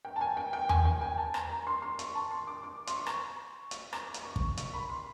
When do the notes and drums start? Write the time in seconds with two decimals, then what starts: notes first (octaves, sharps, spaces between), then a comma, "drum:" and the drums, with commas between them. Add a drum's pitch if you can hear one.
0.05 G5
0.16 A5
0.21 G#5
0.37 G5
0.53 G5
0.69 G#5, drum: tom E2
0.85 G5
1.01 G#5
1.18 A5
1.34 drum: rim click
1.50 A#5
1.67 C6
1.82 C6
1.99 C#6, drum: hi-hat
2.15 A5
2.31 C6
2.47 D6
2.63 D6
2.87 C6, drum: hi-hat
2.96 C#6
3.06 drum: rim click
3.71 drum: hi-hat
3.93 D6, drum: rim click
4.14 drum: hi-hat
4.25 C#6
4.36 drum: kick
4.57 C#6, drum: hi-hat
4.73 B5
4.90 C6